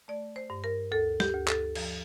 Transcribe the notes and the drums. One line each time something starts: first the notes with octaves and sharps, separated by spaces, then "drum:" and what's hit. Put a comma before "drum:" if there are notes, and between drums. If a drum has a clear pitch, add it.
A3 D5
C5
G2
A#4
D2 A4
G4, drum: snare
D2
A4, drum: clap
F3, drum: cymbal